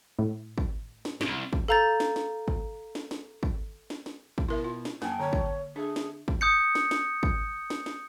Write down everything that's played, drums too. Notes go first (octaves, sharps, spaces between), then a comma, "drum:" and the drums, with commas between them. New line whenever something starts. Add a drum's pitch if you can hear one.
A2
drum: kick
drum: snare
C2 G#2, drum: snare
drum: kick
A4 F5 A#5 G6 A6
drum: snare
drum: snare
drum: kick
drum: snare
drum: snare
drum: kick
drum: snare
drum: snare
drum: kick
B2 E4 A#4 E5
F4
drum: snare
F#2 A#3 A4 G5 G#5, drum: snare
D3 C#5
drum: kick
D4 G#4 A4 E5
drum: snare
drum: kick
D#6 G6 C#7
drum: snare
drum: snare
drum: kick
drum: snare
drum: snare